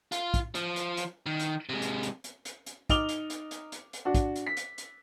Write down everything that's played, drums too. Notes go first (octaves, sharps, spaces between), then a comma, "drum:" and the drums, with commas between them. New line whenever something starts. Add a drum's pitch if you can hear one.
F4, drum: hi-hat
drum: kick, hi-hat
F3, drum: hi-hat
drum: hi-hat
drum: hi-hat
D#3
drum: hi-hat
C3 G#3
drum: hi-hat
drum: hi-hat
drum: hi-hat
drum: hi-hat
drum: hi-hat
D#4 D6 F6 F7 G7, drum: kick, hi-hat
drum: hi-hat
drum: hi-hat
drum: hi-hat
drum: hi-hat
drum: hi-hat
D4 F#4
drum: kick, hi-hat
drum: hi-hat
B6
drum: hi-hat
drum: hi-hat